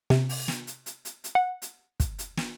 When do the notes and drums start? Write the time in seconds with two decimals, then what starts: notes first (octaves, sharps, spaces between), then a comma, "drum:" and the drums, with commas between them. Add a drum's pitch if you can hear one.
0.10 C3, drum: snare
0.29 drum: open hi-hat
0.48 drum: snare
0.67 drum: hi-hat
0.86 drum: hi-hat
1.05 drum: hi-hat
1.24 drum: hi-hat
1.35 F#5
1.62 drum: hi-hat
2.00 drum: kick, hi-hat
2.19 drum: hi-hat
2.38 drum: snare